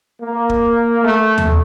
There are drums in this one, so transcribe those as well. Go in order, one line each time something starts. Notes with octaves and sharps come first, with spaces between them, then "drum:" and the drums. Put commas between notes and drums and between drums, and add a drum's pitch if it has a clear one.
A#3
drum: kick D#1
A3
drum: tom D#2